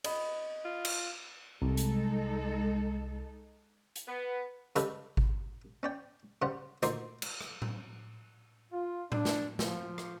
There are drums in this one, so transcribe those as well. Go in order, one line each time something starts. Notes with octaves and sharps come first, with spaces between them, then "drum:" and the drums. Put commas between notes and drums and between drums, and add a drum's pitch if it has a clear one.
D#5 B5, drum: cymbal
F4
drum: cymbal
C2 G#3 D#4 A4
drum: hi-hat
drum: hi-hat
B3
C#3 G3 G#3 G4 A4 B4, drum: hi-hat
drum: kick G#1
C#4 D5 G5
C#3 G3 G4 C5 F#5
D2 A#2 D#4 C5 C6 D6, drum: hi-hat
drum: cymbal
drum: rim click
drum: tom A2
F4
D4, drum: tom A2
drum: snare
F3, drum: snare
drum: rim click